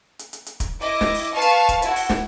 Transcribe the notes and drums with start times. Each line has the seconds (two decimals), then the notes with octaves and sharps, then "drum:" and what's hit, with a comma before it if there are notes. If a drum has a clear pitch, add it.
0.19 drum: hi-hat
0.33 drum: hi-hat
0.46 drum: hi-hat
0.60 drum: kick, hi-hat
0.80 E4 D#5 D6
1.01 drum: snare
1.14 drum: open hi-hat
1.32 B4 F5 A5 C#6
1.41 drum: hi-hat
1.69 drum: kick, hi-hat
1.82 E4 F#4, drum: hi-hat
1.96 drum: open hi-hat
2.09 drum: snare